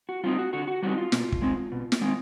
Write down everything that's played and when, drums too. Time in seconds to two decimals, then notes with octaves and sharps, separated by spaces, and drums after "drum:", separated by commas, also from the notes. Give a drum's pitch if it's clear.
0.09 F#4
0.24 G3 C4 D#4 F4
0.39 F#4
0.53 D3 F#4
0.68 F#4
0.83 G3 C4 D#4 F#4
0.98 F4
1.12 B2, drum: snare
1.32 drum: kick
1.42 G#3 C4 D#4
1.72 B2
1.92 drum: snare
2.01 G#3 C4 D#4